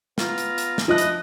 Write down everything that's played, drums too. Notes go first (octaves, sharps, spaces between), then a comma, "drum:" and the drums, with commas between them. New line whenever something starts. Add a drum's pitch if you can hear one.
B3 F4 A#5, drum: snare
drum: hi-hat
drum: hi-hat
drum: snare
F3 E4 D#5 F#6
drum: hi-hat